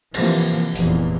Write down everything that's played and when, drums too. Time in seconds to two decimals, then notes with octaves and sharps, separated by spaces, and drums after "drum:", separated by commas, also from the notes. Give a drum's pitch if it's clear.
0.14 C3 E3 F3 A#3, drum: cymbal
0.75 F1 E2 A#2 E3, drum: open hi-hat